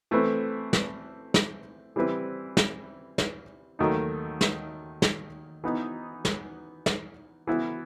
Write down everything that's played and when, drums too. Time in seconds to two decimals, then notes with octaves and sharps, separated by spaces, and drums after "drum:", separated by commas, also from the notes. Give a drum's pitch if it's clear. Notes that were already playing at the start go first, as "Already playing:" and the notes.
0.11 E3 A3 C4 E4 B4
0.73 drum: snare
1.34 drum: snare
1.96 E3 G3 C4 E4 B4
2.57 drum: snare
3.18 drum: snare
3.79 D#2 D#3 F#3 A3 D#4
4.41 drum: snare
5.02 drum: snare
5.64 E3 B3 D#4
6.25 drum: snare
6.86 drum: snare
7.47 E3 B3 E4